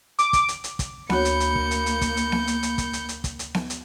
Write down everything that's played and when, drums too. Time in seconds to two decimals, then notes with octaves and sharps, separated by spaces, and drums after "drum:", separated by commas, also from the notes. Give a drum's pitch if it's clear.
0.19 D6, drum: hi-hat
0.33 drum: kick, hi-hat
0.48 drum: hi-hat
0.64 drum: hi-hat
0.79 drum: kick, hi-hat
1.10 D2 A#3 F#4 C#5 B5 G6 C#7, drum: snare B3
1.25 drum: hi-hat
1.40 drum: hi-hat
1.56 drum: kick
1.71 drum: hi-hat
1.86 drum: hi-hat
2.01 drum: kick, hi-hat
2.17 drum: hi-hat
2.32 drum: snare B3
2.47 drum: hi-hat
2.63 drum: hi-hat
2.78 drum: kick, hi-hat
2.93 drum: hi-hat
3.09 drum: hi-hat
3.24 drum: kick, hi-hat
3.39 drum: hi-hat
3.54 drum: snare B3
3.70 drum: hi-hat